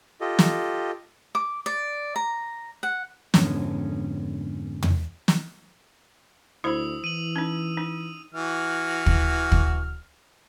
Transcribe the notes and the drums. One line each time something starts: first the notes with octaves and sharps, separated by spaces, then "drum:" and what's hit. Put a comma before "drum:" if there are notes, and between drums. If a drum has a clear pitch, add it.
F4 G4 A4 D#5
drum: snare
D6
D5
A#5
F#5
F2 G#2 D3 B3 C#4, drum: snare
drum: tom
drum: snare
D2 E4 C5 B5 D#6 E6
E3 D#7 F#7
C#4 D#4
D#4
E3 F#4 F6
drum: kick
drum: kick